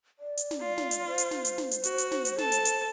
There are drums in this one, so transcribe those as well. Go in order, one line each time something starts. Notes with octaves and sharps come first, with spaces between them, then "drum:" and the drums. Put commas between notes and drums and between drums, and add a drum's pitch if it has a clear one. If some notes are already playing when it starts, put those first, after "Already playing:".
D5
drum: hi-hat
drum: snare
F4
drum: snare
drum: hi-hat
C5
drum: hi-hat
drum: snare
drum: hi-hat
drum: snare
drum: hi-hat
F#4, drum: hi-hat
drum: hi-hat
drum: snare
drum: hi-hat
A4 A5, drum: snare
drum: hi-hat
drum: hi-hat